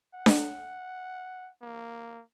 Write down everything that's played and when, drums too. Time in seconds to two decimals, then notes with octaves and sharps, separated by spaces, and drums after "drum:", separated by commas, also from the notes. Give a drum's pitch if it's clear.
0.14 F#5
0.26 drum: snare D4
1.62 A#3